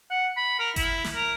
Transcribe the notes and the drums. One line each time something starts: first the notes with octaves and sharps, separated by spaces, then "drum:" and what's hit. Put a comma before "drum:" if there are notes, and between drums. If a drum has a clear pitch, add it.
F#5
B5
A#4
E4, drum: kick G1, hi-hat
drum: snare
A#4